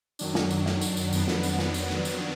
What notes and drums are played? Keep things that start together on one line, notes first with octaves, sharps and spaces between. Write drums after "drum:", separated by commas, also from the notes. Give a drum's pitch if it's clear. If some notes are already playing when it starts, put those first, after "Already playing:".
F#2 D#3 F#3 D4, drum: tambourine
drum: snare
drum: tambourine
drum: snare
drum: tambourine
drum: tambourine
F2 D#3 F#3 B3 D4, drum: tambourine
drum: snare
drum: tambourine
drum: snare
drum: tambourine
drum: snare
drum: tambourine